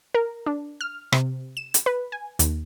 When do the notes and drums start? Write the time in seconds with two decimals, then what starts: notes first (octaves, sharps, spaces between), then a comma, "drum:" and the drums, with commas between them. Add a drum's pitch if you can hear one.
0.14 A#4
0.46 D4
0.81 F6
1.12 C3, drum: rim click
1.57 E7
1.74 drum: hi-hat
1.86 B4
2.12 G#5
2.39 D#2, drum: hi-hat